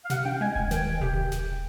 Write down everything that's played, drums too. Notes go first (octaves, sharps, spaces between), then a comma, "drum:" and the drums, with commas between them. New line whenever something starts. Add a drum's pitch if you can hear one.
F5
C3 F#5, drum: snare
G5, drum: tom C#4
G#3 G#5
G#5, drum: kick D#1
D#3 G5, drum: snare
C3, drum: kick D#1
drum: snare